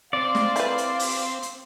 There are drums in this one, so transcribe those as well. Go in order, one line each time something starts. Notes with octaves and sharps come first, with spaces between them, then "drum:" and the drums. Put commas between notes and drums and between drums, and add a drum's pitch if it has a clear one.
C4 D5 F5
drum: snare
E4 B4, drum: hi-hat
drum: hi-hat
drum: open hi-hat
drum: hi-hat